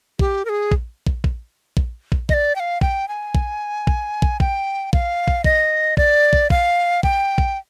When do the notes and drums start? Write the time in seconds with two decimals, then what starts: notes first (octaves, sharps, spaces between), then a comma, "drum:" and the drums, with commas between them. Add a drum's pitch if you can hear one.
0.19 G4, drum: kick
0.45 A#4
0.49 G#4
0.71 drum: kick
1.07 drum: kick
1.24 drum: kick
1.77 drum: kick
2.12 drum: kick
2.29 D#5, drum: kick
2.34 D5
2.56 G5
2.60 F5
2.81 G5, drum: kick
3.08 G#5
3.35 drum: kick
3.87 drum: kick
4.22 drum: kick
4.40 G5, drum: kick
4.93 F5, drum: kick
5.28 drum: kick
5.44 D#5, drum: kick
5.97 D5, drum: kick
6.33 drum: kick
6.50 F5, drum: kick
7.03 G5, drum: kick
7.38 drum: kick